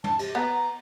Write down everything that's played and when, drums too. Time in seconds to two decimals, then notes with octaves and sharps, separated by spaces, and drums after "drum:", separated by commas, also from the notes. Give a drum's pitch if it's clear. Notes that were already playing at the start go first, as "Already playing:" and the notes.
0.04 A5, drum: tom
0.19 G4, drum: cymbal
0.35 B3 A#5